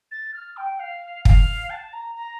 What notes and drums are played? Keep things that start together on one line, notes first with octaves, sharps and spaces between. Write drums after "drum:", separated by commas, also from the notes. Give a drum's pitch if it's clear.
A6
F6
G5
F5
F5, drum: kick
A5
A#5
A#5